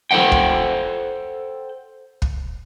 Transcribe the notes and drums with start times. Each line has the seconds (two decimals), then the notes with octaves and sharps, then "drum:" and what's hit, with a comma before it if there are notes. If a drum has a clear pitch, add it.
0.11 A4 C5 E5 F#5 G5
0.32 drum: kick
2.22 drum: kick